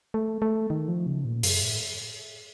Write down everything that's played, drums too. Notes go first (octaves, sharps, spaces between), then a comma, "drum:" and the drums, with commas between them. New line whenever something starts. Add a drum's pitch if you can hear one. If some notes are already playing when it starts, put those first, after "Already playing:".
A3
A3
D#3
F3
C#3
A#2
F#2, drum: open hi-hat
A2